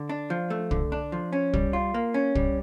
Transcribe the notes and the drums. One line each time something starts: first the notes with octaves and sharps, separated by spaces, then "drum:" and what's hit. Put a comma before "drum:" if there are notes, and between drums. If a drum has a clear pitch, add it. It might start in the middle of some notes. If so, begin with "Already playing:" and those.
Already playing: D3
D4
F3
A3
D3, drum: kick
D4
F3
C#4
G3, drum: kick
F4
A#3
C#4
G3, drum: kick